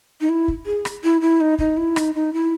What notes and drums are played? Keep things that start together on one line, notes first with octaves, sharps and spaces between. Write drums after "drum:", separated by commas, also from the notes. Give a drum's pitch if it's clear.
D#4
E4
drum: kick
G#4
drum: rim click
E4
E4
D#4
D#4, drum: kick
E4
D#4, drum: rim click
D#4
E4